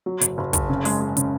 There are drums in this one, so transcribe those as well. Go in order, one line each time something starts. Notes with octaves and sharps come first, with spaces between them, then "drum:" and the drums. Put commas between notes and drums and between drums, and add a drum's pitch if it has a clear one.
F#3
F#1, drum: hi-hat
F#1
F#1, drum: kick, hi-hat
C#3
G#3, drum: open hi-hat
G#3
C#3, drum: hi-hat